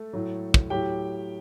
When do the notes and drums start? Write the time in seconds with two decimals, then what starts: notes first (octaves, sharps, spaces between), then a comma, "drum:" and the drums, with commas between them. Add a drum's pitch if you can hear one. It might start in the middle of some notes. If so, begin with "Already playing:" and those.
Already playing: A3 A4
0.13 A2 F#3
0.54 drum: kick
0.70 A2 F#3 G4 G5